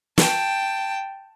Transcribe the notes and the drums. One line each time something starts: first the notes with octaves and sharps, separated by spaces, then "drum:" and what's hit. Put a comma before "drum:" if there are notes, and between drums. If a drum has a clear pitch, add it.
G5 A5, drum: snare